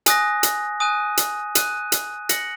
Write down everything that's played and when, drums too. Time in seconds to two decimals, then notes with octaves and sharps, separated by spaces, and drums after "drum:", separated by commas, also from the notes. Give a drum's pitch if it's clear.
0.06 G#5 D#6 F#6 A#6, drum: hi-hat
0.43 drum: hi-hat
0.80 G#5 D#6 F#6 D#7
1.17 drum: hi-hat
1.55 D#6 F#6 D#7, drum: hi-hat
1.92 drum: hi-hat
2.29 F#6 A#6 C#7 F#7, drum: hi-hat